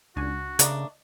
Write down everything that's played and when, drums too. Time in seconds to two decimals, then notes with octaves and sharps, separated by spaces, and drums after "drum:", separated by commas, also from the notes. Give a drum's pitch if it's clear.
0.16 C#2 D4 F#4 G#5
0.59 C#3 A3 A#3 D4 D5 D#5, drum: hi-hat